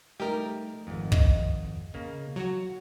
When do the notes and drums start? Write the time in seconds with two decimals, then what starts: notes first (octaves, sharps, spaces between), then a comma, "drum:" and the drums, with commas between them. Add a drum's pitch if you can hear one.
0.20 G3 A3 D#4 G4 A#4 D#5
0.87 G#1 F2
1.12 D#5, drum: kick
1.94 C#3 A#3
2.36 F#3 F#4 C#5